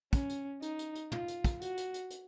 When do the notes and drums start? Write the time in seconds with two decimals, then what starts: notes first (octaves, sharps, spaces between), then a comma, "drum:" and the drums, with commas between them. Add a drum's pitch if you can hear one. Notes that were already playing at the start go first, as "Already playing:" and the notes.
0.13 C#4, drum: kick, hi-hat
0.29 drum: hi-hat
0.62 D#4, drum: hi-hat
0.79 drum: hi-hat
0.95 drum: hi-hat
1.12 F4, drum: tom
1.28 drum: hi-hat
1.44 drum: kick, hi-hat
1.61 F#4, drum: hi-hat
1.77 drum: hi-hat
1.94 drum: hi-hat
2.10 drum: hi-hat